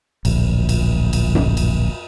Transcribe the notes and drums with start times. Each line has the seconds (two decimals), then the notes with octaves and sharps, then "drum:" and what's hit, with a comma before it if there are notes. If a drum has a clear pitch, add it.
0.25 D1 A#1, drum: cymbal
0.69 drum: cymbal
1.13 drum: cymbal
1.35 drum: tom F#2
1.57 drum: cymbal